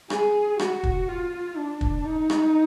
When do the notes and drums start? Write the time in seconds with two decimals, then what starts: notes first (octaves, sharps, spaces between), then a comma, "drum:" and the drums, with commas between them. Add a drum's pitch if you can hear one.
0.10 G#4, drum: rim click
0.59 F#4, drum: rim click
0.84 drum: kick
1.08 F4
1.56 D4
1.81 drum: kick
2.05 D#4
2.30 drum: rim click